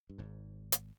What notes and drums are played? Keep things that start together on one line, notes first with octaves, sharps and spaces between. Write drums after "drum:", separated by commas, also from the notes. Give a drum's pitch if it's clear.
G2
G#1 G#2
drum: hi-hat